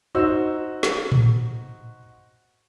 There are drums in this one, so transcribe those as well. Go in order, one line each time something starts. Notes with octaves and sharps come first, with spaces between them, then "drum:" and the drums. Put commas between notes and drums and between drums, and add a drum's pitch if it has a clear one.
D#4 F#4 C5 E6
drum: snare
drum: tom A2